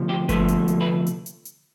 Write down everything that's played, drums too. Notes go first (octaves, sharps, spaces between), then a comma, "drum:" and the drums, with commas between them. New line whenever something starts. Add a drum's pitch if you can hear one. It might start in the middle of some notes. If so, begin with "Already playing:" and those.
Already playing: D2 C3 F3
G4
D2 C3 F3 A3 B4, drum: kick G1, hi-hat
drum: hi-hat
drum: hi-hat
B4
drum: hi-hat
drum: hi-hat
drum: hi-hat